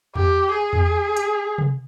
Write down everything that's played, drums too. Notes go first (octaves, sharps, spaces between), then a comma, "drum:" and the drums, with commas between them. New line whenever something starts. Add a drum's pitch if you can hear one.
G4, drum: tom E2
G#4
drum: tom E2
drum: hi-hat
drum: tom C3